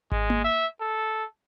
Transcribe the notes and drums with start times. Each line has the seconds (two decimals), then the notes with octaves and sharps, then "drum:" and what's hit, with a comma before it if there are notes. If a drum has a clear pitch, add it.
0.12 G#3, drum: kick G#1
0.30 drum: tom A#3
0.44 E5
0.81 A4